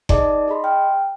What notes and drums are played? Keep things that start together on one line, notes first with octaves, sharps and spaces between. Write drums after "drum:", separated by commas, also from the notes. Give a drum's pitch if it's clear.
D#4 G#4 D5 D#5 A5 D6, drum: kick F#1
G#4 D#5 B5 C6
G5 F6